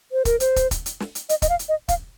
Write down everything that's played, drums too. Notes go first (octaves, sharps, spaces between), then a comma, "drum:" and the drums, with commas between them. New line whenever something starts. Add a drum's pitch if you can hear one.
C5
A#4, drum: kick, hi-hat
C5, drum: hi-hat
drum: kick, hi-hat
drum: kick, hi-hat
drum: hi-hat
drum: snare
drum: hi-hat
D#5, drum: hi-hat
D#5, drum: kick, hi-hat
F5
drum: hi-hat
D#5
F5, drum: kick, hi-hat